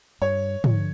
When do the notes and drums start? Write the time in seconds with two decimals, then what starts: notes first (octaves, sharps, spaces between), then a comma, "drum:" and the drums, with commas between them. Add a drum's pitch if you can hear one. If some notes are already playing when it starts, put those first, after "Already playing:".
0.21 G2 C#5
0.64 D3 F3, drum: tom